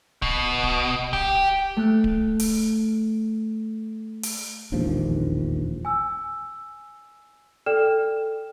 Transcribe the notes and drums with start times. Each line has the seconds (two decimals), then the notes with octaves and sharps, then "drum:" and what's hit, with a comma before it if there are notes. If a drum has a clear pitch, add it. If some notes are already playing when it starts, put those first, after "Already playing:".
0.22 B2, drum: kick D1
0.63 drum: kick D1
1.13 G4, drum: kick D1
1.77 A3 F#6
2.04 drum: kick D1
2.40 drum: open hi-hat
4.23 drum: open hi-hat
4.72 E1 A#1 D#2 F3
5.85 G#5 E6
7.66 A4 D5 G5 F6 E7